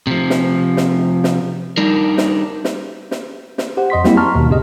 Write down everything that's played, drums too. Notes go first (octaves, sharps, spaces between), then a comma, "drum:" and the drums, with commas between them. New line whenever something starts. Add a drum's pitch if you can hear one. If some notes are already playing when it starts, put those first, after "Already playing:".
C3 F3
drum: snare
drum: snare
drum: snare
G3 D4 D#4 A#4
drum: snare
drum: snare
drum: snare
drum: snare
G4 C5 F#5
F2 D#5 C6 B6
F#3 G3 A#3 C4 E4 G4, drum: snare
A5 A#5 C6 C#6 F6
D#2 B2 D#3
G2 C#3 B3 G4 D#5